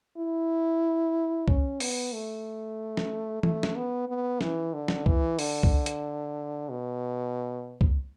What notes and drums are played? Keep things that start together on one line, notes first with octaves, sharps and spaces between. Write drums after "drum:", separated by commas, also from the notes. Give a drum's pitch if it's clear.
E4
C#4, drum: kick
B3, drum: open hi-hat
A3
drum: snare
A3, drum: tom E3
drum: snare
B3
B3
E3, drum: snare
D3
drum: snare
E3, drum: kick
D3, drum: open hi-hat
drum: kick
drum: hi-hat
B2
drum: kick